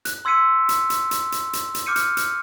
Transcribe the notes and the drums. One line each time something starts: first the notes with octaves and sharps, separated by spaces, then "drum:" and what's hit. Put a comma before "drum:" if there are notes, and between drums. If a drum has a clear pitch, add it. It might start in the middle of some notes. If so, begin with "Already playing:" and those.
F#6, drum: hi-hat
C6 E6 G#6 B6 C#7 D#7
drum: hi-hat
drum: hi-hat
drum: hi-hat
drum: hi-hat
drum: hi-hat
drum: hi-hat
D6 F6 G6 C#7 D#7
drum: hi-hat
drum: hi-hat